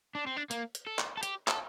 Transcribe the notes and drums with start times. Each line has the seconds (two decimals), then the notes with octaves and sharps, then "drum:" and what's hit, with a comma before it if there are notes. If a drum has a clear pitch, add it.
0.15 D4
0.27 C4
0.37 D4
0.51 A#3, drum: hi-hat
0.75 drum: hi-hat
0.87 A4
0.99 drum: clap
1.17 A4
1.23 G4, drum: hi-hat
1.48 A4, drum: clap